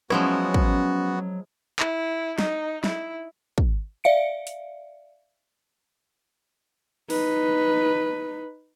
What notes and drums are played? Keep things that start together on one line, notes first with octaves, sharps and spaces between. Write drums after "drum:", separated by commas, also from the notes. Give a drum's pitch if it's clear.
F3 F#3 G#3 B3 C#4 E4 F#4, drum: rim click
drum: kick
E4, drum: clap
D#4, drum: snare
E4, drum: snare
drum: kick
D5 E5 F5 C#7 D7
drum: hi-hat
D#4 B4, drum: open hi-hat